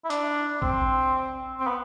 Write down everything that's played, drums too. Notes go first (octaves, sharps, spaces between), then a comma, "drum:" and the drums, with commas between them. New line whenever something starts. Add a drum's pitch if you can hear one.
E4
D4, drum: hi-hat
C4, drum: kick A#1
C4
B3